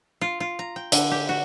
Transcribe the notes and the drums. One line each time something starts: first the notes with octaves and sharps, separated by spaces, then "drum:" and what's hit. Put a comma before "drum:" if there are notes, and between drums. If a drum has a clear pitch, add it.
F4
F4
A#5
G5
D3, drum: hi-hat
G4
F#4